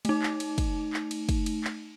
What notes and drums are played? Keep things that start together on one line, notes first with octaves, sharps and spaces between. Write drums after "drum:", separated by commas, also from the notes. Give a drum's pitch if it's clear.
A3 D#4, drum: cymbal
drum: clap
drum: cymbal
drum: kick, cymbal
drum: clap
drum: cymbal
drum: kick, cymbal
drum: cymbal
drum: clap